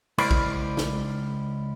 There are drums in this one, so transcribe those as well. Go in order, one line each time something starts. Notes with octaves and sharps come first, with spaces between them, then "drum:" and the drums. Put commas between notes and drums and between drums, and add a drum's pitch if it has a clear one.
C#2 E4 A#4 C5 D5 B5, drum: cymbal
drum: kick
drum: snare